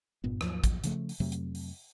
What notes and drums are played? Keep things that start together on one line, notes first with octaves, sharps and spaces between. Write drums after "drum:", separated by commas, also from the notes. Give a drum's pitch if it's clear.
F#1 G2 A#2 B3
D#2 G#2 F3 F#3, drum: rim click
drum: kick, hi-hat
C#3 F3 A3, drum: hi-hat
drum: open hi-hat
F2 C3 F#3 A3
drum: hi-hat
drum: open hi-hat